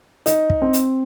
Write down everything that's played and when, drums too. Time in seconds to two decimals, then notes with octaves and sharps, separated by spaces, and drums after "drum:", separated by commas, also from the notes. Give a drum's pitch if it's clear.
0.26 D#4, drum: hi-hat
0.50 drum: kick
0.62 C4
0.73 drum: hi-hat